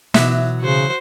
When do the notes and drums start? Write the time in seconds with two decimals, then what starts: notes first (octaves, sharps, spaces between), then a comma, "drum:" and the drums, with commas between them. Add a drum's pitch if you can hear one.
0.14 B2 E3 F#3 E5, drum: snare
0.61 C#3 F#4 C5